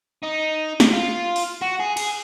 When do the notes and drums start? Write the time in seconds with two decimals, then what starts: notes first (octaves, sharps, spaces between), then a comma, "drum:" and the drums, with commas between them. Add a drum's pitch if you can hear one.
0.23 D#4
0.80 drum: snare
0.93 F4
1.36 drum: open hi-hat
1.62 F#4
1.80 G#4
1.97 G#4, drum: cymbal